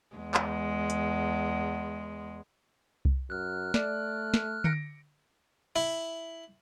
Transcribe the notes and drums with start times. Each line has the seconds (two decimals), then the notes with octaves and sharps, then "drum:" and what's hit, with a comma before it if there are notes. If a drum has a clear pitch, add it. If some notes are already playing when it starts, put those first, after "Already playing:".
0.16 E2 G#3
0.34 drum: clap
0.90 drum: hi-hat
3.05 drum: kick C2
3.30 F#2 F6 F#6
3.74 A3 D5, drum: snare
4.34 drum: snare
4.64 A#6 C#7 D7, drum: tom D3
5.76 E4, drum: open hi-hat